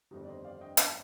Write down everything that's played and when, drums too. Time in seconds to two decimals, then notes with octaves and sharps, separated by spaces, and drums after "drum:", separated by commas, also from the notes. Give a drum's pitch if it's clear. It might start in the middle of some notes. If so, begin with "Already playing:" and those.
0.11 G1 F2 D#3 D#4 G4
0.23 D5
0.27 C5 D#5
0.44 D5 F5
0.61 D#5 G5
0.77 D#5 G5, drum: hi-hat